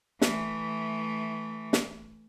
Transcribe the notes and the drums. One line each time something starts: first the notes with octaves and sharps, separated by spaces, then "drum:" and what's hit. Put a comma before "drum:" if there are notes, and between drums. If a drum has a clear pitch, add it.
E3 A3, drum: snare
drum: snare